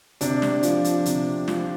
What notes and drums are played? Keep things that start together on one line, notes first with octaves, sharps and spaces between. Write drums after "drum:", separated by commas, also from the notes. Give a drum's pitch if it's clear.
C3 D4, drum: hi-hat
drum: snare
F3, drum: hi-hat
drum: hi-hat
C3, drum: hi-hat
F3, drum: snare